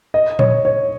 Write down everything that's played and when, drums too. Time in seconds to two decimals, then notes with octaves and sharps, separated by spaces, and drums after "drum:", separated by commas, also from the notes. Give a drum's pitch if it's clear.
0.14 D#5
0.39 C#5, drum: tom A#2
0.65 C#5